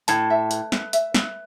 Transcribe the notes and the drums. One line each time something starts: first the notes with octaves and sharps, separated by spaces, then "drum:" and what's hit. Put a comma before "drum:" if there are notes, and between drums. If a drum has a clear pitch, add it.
A2 A5, drum: hi-hat
E5
B4, drum: hi-hat
B4, drum: snare
E5, drum: hi-hat
B4, drum: snare